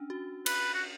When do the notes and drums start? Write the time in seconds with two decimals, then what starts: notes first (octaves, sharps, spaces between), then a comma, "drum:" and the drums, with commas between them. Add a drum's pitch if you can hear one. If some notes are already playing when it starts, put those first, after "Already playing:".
Already playing: C#4 D4
0.10 F#4
0.46 B4, drum: cymbal
0.74 F#4